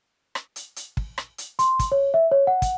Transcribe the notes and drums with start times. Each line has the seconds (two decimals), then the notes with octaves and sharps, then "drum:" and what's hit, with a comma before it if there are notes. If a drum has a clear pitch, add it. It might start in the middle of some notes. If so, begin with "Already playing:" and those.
0.35 drum: rim click
0.56 drum: hi-hat
0.76 drum: hi-hat
0.97 drum: kick
1.18 drum: rim click
1.38 drum: hi-hat
1.59 C6, drum: hi-hat
1.79 drum: kick, hi-hat
1.92 C#5
2.14 E5
2.31 C#5
2.47 F#5
2.62 drum: kick, hi-hat